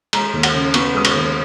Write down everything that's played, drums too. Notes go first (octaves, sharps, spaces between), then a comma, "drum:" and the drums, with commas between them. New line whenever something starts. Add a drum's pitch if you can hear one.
G#3 A#5, drum: cymbal
D#2
F#5, drum: cymbal
C#3
B3 C#6, drum: cymbal
G#3 D#6
C#6, drum: cymbal
D#2